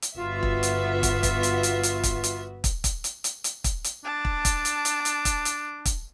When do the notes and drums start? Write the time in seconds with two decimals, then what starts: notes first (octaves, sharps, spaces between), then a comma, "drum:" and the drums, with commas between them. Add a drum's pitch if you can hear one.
0.02 drum: hi-hat
0.18 G1 B3 F4 F#4 E5
0.43 drum: kick
0.63 drum: hi-hat
1.03 drum: kick, hi-hat
1.23 drum: kick, hi-hat
1.43 drum: hi-hat
1.63 drum: hi-hat
1.83 drum: hi-hat
2.03 drum: kick, hi-hat
2.24 drum: hi-hat
2.64 drum: kick, hi-hat
2.84 drum: kick, hi-hat
3.04 drum: hi-hat
3.24 drum: hi-hat
3.44 drum: hi-hat
3.64 drum: kick, hi-hat
3.84 drum: hi-hat
4.05 D4 A5
4.25 drum: kick
4.45 drum: kick, hi-hat
4.65 drum: hi-hat
4.85 drum: hi-hat
5.05 drum: hi-hat
5.25 drum: kick, hi-hat
5.45 drum: hi-hat
5.85 drum: kick, hi-hat